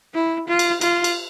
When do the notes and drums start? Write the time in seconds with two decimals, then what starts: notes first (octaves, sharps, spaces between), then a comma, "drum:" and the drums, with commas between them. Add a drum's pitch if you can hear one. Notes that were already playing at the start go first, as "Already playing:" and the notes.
0.14 E4
0.48 F4
0.59 drum: cymbal
0.81 F4, drum: cymbal
1.04 drum: cymbal